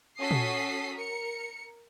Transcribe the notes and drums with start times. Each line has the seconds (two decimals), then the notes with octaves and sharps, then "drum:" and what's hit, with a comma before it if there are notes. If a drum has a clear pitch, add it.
0.19 C#4 F#4 A4 D#6 B6 C7
0.31 drum: tom A#2
0.95 A#4 C#7